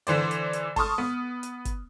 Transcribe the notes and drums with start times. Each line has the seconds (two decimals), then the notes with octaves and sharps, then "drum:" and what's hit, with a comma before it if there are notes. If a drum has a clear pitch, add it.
0.07 D3 E3 C5 D5, drum: hi-hat
0.31 drum: hi-hat
0.53 drum: hi-hat
0.76 A5 C6 C#6 D#6 F6, drum: kick G1, open hi-hat
0.98 B3
1.43 drum: hi-hat
1.65 drum: kick G1, hi-hat